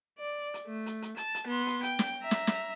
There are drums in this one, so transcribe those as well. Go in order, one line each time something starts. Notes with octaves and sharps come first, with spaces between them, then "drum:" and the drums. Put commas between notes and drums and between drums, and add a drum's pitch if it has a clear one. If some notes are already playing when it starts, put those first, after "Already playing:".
D5
drum: hi-hat
A3
drum: hi-hat
drum: hi-hat
A5, drum: hi-hat
drum: hi-hat
B3 C6
drum: hi-hat
G5, drum: hi-hat
drum: snare
E5 A#5
drum: snare
drum: snare